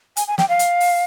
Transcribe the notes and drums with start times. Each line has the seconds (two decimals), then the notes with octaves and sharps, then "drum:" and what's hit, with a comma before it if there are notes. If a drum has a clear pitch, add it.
0.17 G#5, drum: hi-hat
0.28 G#5
0.38 G5, drum: snare
0.49 F5
0.59 drum: hi-hat
0.80 drum: open hi-hat